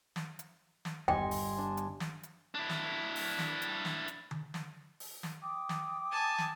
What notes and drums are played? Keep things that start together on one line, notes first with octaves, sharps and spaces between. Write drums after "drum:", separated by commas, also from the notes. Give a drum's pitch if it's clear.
drum: snare
drum: hi-hat
drum: snare
G1 G3 D#5 G5 G#5 C6, drum: tom E2
drum: open hi-hat
D4
drum: hi-hat
drum: snare
drum: hi-hat
D4 E4
drum: snare
drum: open hi-hat
drum: snare
drum: hi-hat
drum: snare
drum: hi-hat
drum: tom D3
drum: snare
drum: open hi-hat
drum: snare
G5 D6 D#6
drum: snare
G#5 A5
drum: snare